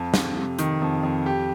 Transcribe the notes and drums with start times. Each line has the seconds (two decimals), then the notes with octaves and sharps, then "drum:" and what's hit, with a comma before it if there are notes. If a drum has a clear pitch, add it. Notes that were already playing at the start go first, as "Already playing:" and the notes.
Already playing: F2
0.14 F2, drum: snare
0.37 C3
0.59 D#3, drum: hi-hat
0.82 F2
1.03 F2
1.26 G4